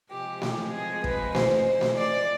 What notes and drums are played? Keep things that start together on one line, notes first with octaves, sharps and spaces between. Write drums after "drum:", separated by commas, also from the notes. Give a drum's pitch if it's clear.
C3 F3 G#3 G4
G4, drum: snare A3
G#4
B4, drum: kick
C5, drum: snare A3
drum: snare A3
D5